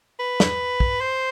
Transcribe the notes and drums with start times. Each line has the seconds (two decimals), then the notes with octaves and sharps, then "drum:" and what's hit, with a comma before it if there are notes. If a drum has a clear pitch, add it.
0.20 B4
0.40 drum: snare
0.80 drum: kick
1.01 C5